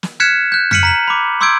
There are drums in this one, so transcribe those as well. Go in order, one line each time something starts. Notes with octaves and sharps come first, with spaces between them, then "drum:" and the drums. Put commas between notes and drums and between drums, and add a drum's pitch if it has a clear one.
drum: snare
F6 F#6 G#6 B6 C#7 E7
F#6 G6
F6 B6 C#7 D#7 F#7, drum: tom F2
A#5 B6 F#7
B5 D6
C6 D6 E6 G6 G#6 D7